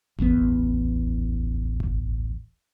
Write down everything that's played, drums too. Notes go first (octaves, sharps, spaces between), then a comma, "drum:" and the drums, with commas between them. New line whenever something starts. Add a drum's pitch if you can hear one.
D1 A1 E2 B3, drum: kick G1
drum: kick G1